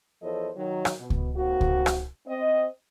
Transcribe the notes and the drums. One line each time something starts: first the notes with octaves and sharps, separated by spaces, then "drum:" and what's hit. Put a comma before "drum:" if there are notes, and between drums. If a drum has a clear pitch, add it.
E2 F3 A4 C5 C#5 D#5
D#3 F#3
drum: rim click
B2
drum: kick C#2
D#2 A#3 C4 F#4
drum: kick C#2
drum: rim click
C4 D#5